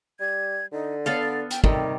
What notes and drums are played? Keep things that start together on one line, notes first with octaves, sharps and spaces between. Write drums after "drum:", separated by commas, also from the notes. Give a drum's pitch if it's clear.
G3 G#6
D3 D#4
B3 A4 C#5 F5
D5
G5, drum: hi-hat
C3 D#3 G3 A4, drum: kick